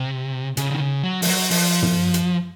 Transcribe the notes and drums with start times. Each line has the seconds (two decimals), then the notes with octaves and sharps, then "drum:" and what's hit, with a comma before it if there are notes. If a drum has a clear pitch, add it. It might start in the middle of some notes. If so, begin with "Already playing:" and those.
Already playing: C3
0.57 C#3, drum: hi-hat
0.70 D#3
0.80 C#3
1.04 F#3
1.22 F3, drum: open hi-hat
1.27 F#3
1.51 F3, drum: open hi-hat
1.82 drum: tom
2.14 drum: hi-hat